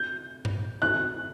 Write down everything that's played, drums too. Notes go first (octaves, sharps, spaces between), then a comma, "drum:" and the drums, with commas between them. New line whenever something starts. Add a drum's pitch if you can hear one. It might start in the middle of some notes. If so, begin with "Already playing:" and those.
Already playing: G6
drum: tom G2
F#6